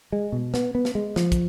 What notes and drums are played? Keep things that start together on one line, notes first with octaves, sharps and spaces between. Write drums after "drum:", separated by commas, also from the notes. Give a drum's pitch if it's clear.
G#3
B2
B3, drum: snare
B3
drum: snare
G#3
F3, drum: snare
drum: kick, hi-hat